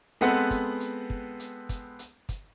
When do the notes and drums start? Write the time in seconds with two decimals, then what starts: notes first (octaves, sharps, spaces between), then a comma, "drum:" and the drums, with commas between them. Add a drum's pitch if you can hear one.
0.21 G#3 B3 C4 A4 B4 F#5, drum: hi-hat
0.51 drum: kick, hi-hat
0.80 drum: hi-hat
1.10 drum: kick
1.40 drum: hi-hat
1.69 drum: kick, hi-hat
1.99 drum: hi-hat
2.29 drum: kick, hi-hat